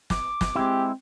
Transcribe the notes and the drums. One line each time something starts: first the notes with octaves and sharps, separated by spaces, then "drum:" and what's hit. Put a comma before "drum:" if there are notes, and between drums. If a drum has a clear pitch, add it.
D6, drum: snare
drum: snare
G#3 C4 E4 G4